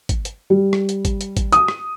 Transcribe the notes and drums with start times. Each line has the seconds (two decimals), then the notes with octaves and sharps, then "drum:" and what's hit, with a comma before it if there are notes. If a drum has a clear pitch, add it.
0.09 drum: kick, hi-hat
0.25 drum: hi-hat
0.50 G3
0.73 drum: rim click
0.89 drum: hi-hat
1.05 drum: kick, hi-hat
1.21 drum: hi-hat
1.37 drum: kick, hi-hat
1.52 D#6, drum: hi-hat
1.68 drum: rim click